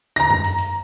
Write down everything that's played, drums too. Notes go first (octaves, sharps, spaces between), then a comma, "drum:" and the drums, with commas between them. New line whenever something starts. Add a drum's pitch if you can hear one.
A#5 A#6, drum: hi-hat
drum: tom F#2
drum: hi-hat
drum: hi-hat